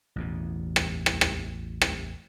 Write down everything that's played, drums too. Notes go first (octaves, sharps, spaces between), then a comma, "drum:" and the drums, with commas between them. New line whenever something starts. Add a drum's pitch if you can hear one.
A1 E2 B2
drum: rim click
drum: rim click
drum: rim click
drum: rim click